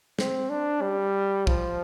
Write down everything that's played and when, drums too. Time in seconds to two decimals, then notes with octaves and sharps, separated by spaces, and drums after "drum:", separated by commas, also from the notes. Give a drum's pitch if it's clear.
0.19 C4, drum: snare
0.50 D4
0.82 G3
1.47 F3, drum: kick B1